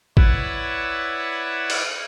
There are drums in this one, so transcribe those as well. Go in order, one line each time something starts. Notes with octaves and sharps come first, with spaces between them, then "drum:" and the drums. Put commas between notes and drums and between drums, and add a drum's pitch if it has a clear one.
E4 B4 C#5 D5 F#5 E6, drum: kick G#1
drum: cymbal